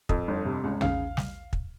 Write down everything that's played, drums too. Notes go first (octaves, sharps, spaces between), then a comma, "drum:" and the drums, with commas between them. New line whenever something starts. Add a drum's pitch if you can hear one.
F2, drum: kick
G1
C3
C#2
C#3 F5, drum: tom
drum: snare
drum: kick